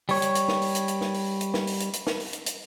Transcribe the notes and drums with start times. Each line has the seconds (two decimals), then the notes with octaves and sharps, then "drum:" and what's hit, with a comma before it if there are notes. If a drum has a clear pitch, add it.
0.09 G3 C#5, drum: open hi-hat
0.22 drum: hi-hat
0.35 drum: hi-hat
0.48 drum: snare
0.62 drum: open hi-hat
0.75 drum: hi-hat
0.88 drum: hi-hat
1.01 drum: snare
1.14 drum: open hi-hat
1.41 drum: hi-hat
1.54 drum: snare
1.67 drum: open hi-hat
1.80 drum: hi-hat
1.93 drum: hi-hat
2.07 drum: snare
2.20 drum: open hi-hat
2.33 drum: hi-hat
2.46 drum: hi-hat